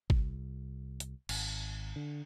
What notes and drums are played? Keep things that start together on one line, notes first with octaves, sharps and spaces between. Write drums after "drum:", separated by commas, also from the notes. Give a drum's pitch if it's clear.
C2, drum: kick G#1
drum: hi-hat
G#1, drum: cymbal
D3